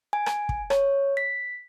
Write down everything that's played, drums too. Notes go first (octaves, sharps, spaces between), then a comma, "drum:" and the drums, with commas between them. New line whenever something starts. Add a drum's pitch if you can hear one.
G#5
drum: rim click
drum: kick
C#5, drum: rim click
B6